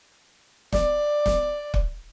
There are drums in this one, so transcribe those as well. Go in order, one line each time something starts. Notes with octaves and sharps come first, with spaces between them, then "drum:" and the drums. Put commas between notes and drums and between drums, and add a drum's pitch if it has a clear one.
D5, drum: snare
drum: snare
drum: kick